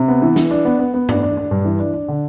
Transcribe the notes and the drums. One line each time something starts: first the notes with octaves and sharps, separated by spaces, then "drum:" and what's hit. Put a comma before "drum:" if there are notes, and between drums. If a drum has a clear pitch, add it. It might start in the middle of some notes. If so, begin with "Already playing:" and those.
Already playing: C3
B3
E3
E3, drum: snare
D4
B3
B3
B3
D4, drum: tom G2
D4
D4
G2
E3
D4
D4
D3